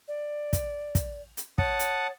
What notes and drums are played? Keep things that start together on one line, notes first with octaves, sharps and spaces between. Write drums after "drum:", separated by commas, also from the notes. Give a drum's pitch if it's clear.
D5
drum: kick, hi-hat
drum: kick, hi-hat
drum: hi-hat
C#5 F#5 A5 D#6, drum: kick
drum: hi-hat